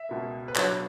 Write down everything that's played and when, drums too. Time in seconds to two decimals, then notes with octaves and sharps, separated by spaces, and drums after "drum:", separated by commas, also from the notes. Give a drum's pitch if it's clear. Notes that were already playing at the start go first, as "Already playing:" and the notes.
Already playing: E5
0.09 C#2 B2 A#3
0.48 B4
0.56 B2 F#3 B3 D4 C#5, drum: clap